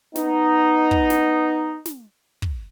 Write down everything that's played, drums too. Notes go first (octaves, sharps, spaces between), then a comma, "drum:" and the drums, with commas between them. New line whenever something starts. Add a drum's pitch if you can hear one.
B3 D#4, drum: snare
drum: kick
drum: snare
drum: snare
drum: kick